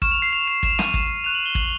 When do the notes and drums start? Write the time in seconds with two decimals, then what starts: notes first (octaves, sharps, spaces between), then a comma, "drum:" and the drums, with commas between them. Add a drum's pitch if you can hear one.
0.02 C#6 F6 E7, drum: kick
0.12 F7
0.22 C7
0.33 F7
0.48 E7
0.63 E7, drum: kick
0.79 D#7, drum: snare
0.94 E7, drum: kick
1.24 C#6 F#6 F7
1.35 F#7
1.46 G7
1.55 F#7, drum: kick